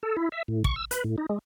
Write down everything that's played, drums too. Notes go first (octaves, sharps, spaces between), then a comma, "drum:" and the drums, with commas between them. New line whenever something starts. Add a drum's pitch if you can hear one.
A4
E4
E5
A2
C#6, drum: kick
E6
B4, drum: hi-hat
A2
D#4
G#3